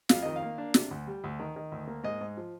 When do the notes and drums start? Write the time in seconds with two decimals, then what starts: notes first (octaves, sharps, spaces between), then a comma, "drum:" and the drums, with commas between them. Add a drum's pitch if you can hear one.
0.09 F2 F5, drum: snare
0.22 D#3 D#5
0.36 F5
0.43 A#3
0.58 D4
0.74 C3, drum: snare
0.91 D2
1.07 G3
1.24 D2
1.40 D#3
1.56 D#3
1.72 D2
1.87 A#3
2.04 G#2 D#5
2.21 G#2
2.37 F3